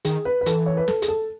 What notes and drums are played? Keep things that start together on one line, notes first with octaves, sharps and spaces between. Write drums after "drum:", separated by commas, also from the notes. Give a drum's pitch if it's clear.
D#3 G#4, drum: hi-hat
B4
B4
E3 A4, drum: hi-hat
C#5
B4
A4, drum: snare
G#4, drum: hi-hat
A4